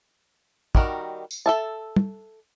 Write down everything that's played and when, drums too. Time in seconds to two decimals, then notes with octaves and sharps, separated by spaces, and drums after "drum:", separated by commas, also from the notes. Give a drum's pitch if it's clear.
0.75 D#3 G3 F#4 A#4, drum: kick
1.31 drum: tambourine
1.46 A4 E5 A5
1.96 drum: tom